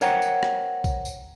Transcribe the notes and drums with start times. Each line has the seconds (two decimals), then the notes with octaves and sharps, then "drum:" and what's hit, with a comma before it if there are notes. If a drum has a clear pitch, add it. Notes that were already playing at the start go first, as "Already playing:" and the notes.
0.01 A#4 C5 C#5 F#5 G5 A#5, drum: tambourine
0.22 drum: tambourine
0.43 drum: rim click
0.84 drum: kick, tambourine
1.05 drum: tambourine